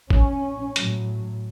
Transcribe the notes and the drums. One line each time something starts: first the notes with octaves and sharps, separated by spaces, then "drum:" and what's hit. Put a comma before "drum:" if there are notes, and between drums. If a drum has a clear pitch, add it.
C#4, drum: kick
A2 F#3, drum: hi-hat